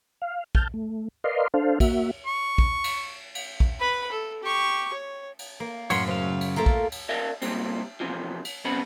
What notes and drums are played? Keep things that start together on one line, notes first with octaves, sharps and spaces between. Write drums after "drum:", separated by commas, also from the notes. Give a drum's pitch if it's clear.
F5
A5 F6 G6, drum: kick
A3
A#4 B4 D5 D#5 F5 C6
D4 A4 C5 F5
A#3 F#4 E5, drum: kick, cymbal
C#6
drum: kick
drum: cymbal
drum: cymbal
drum: kick
B4 B5
A4
G4 C#6
C#5
drum: cymbal
A#3
F#2 A2 C#5 F#5 C6, drum: cymbal
C#3 F#3 C5 F5
drum: cymbal
A3 A#3 F4 A4 A#5
drum: kick
drum: cymbal
A#4 D5 E5 F5
C#2 A#2 G3 C4, drum: cymbal
F2 C3 E3 F3
drum: cymbal
B1 C#3 B3 C4 B5